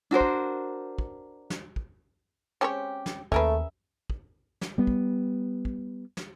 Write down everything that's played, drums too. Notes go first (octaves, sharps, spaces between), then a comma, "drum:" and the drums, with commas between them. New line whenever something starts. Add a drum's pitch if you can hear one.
D4 F#4 A#4 C5
drum: kick
drum: kick
drum: snare
drum: kick
G#3 C4 C#4 G4 A4 C#5
drum: snare
D#2 A3 C#4 G#4 A#4 B4 E5, drum: kick
drum: kick
drum: snare
G3 B3
drum: kick
drum: kick
drum: snare